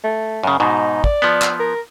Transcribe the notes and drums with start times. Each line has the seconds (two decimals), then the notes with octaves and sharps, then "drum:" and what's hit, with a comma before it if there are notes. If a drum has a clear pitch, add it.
0.04 A3
0.44 F#2 C#3
0.60 G#2 B2 D#4
1.04 D5, drum: kick
1.22 F3 B3
1.42 drum: clap
1.60 A#4